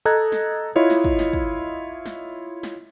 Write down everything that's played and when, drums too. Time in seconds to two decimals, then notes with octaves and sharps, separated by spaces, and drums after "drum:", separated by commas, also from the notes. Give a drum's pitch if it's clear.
0.05 A4 D#5 A#5 F#6 G#6
0.32 drum: snare
0.75 E4 F4 C#5 D#5
0.90 drum: snare
1.04 drum: kick
1.19 drum: snare
1.33 drum: kick
2.06 drum: snare
2.63 drum: snare